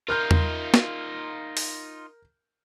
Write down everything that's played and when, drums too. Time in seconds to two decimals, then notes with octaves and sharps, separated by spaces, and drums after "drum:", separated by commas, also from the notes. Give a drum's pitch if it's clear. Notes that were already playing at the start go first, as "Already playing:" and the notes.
0.08 D#4 F4 A#4 F6 G6
0.31 drum: tom E2
0.74 drum: snare
1.57 drum: open hi-hat